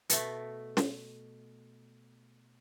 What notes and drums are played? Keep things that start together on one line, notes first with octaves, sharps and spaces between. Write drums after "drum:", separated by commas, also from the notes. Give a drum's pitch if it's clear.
B2 A3, drum: hi-hat
drum: snare